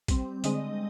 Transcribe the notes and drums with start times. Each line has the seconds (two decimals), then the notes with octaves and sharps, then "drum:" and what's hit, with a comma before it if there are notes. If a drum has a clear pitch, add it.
0.08 G3 C4, drum: kick, hi-hat
0.44 D3 G#3 C4 D#5, drum: hi-hat